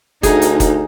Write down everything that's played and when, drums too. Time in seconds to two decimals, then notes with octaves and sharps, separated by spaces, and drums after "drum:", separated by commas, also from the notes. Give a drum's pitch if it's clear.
0.23 D2 D#4 G#4, drum: kick F#1, hi-hat
0.42 drum: hi-hat
0.60 drum: kick F#1, hi-hat